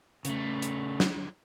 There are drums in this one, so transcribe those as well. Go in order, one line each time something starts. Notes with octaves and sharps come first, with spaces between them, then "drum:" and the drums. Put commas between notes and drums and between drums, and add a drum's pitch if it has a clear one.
C#3 A3, drum: hi-hat
drum: hi-hat
drum: snare